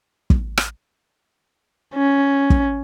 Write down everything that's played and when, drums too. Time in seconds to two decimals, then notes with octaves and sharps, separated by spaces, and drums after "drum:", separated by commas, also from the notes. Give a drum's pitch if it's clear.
0.30 drum: kick
0.57 drum: rim click
1.95 C#4
2.50 drum: kick